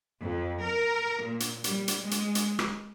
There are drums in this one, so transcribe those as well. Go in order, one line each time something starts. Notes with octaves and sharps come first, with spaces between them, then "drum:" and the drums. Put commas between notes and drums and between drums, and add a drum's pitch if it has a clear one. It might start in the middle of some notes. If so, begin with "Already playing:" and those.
F2
A#4
A#2
drum: hi-hat
G3, drum: hi-hat
drum: hi-hat
G#3
drum: hi-hat
drum: hi-hat
drum: rim click